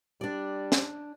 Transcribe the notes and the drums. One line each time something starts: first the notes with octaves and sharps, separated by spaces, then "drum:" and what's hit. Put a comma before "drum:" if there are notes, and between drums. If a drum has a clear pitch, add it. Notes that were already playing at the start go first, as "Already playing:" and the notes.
G3 D4 D5
drum: snare